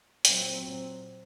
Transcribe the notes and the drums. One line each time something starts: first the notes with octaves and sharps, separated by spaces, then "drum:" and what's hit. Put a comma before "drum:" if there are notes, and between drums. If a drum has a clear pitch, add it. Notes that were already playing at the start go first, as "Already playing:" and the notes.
A#2 F#3 C4, drum: hi-hat